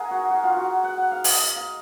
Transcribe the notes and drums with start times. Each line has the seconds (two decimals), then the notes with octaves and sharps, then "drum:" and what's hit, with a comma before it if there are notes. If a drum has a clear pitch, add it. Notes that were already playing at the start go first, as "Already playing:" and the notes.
Already playing: G#4 A#4 F#5 G#5
0.11 F#4
0.30 F#4
0.44 F4
0.57 F#4
0.84 F#5
0.98 F#5
1.11 F5
1.24 D#5, drum: open hi-hat
1.38 D#5
1.56 F5